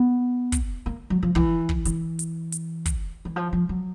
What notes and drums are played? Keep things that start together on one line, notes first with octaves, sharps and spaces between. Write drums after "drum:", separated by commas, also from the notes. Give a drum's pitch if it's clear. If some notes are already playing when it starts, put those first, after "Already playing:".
Already playing: B3
drum: kick, hi-hat
A#3
F#3
F3
E3, drum: kick
drum: kick
E3, drum: hi-hat
drum: hi-hat
drum: hi-hat
drum: kick, hi-hat
E3
F3
F3
F#3